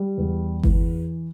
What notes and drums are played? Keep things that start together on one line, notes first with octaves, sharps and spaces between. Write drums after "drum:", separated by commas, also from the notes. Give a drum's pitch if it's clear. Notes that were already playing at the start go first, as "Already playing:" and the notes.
Already playing: G3
E2
E3, drum: kick G1